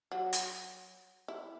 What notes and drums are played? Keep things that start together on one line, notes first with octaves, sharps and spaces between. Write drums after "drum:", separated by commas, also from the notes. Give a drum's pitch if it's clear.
F#3
drum: hi-hat
E4